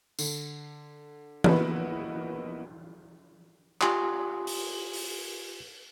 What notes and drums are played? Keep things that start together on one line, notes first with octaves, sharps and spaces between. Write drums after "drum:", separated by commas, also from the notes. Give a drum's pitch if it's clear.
D3, drum: tambourine
A#3 B3 D#4 E4 F#4 B4, drum: tom E3
F4 G4 G#5 C6 D#6, drum: clap
drum: open hi-hat
drum: open hi-hat